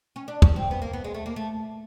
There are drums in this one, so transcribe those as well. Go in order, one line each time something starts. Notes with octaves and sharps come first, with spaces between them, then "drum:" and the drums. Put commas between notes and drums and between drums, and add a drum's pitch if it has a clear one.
C#4
D4
C#4, drum: kick
C4
B3
A#3
B3
G#3
A3
A#3
A3